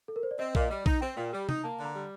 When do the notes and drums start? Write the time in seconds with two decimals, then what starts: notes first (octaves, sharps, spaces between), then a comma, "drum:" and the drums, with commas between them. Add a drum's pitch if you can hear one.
0.08 A4
0.16 A#4
0.23 C5
0.31 D5
0.39 C4 D#5
0.55 A#2 D#5, drum: kick A#1
0.70 G3
0.86 D#4, drum: kick A#1
1.01 C4 G5
1.17 A#2
1.33 G3
1.49 D#4, drum: tom C3
1.64 A#3 A5
1.79 D3
1.85 A#5
1.94 G3